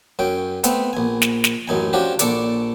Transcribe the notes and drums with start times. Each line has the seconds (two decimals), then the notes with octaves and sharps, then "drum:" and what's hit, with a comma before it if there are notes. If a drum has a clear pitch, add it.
0.19 F#2 C#4 G5
0.64 A3 B3 C4, drum: hi-hat
0.93 A#1 G#5
1.22 drum: snare
1.44 drum: snare
1.68 A1 F#2 D#4 G#5
1.93 F3 C#4 D4 F#4 G4
2.19 A#1 D4 A4 D5 C#6, drum: hi-hat